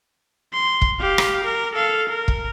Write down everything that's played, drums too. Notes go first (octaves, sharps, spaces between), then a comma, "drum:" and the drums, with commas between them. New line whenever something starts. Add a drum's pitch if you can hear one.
C6
drum: kick
G4 F5
drum: rim click
A#4
A4 F5
A#4
drum: kick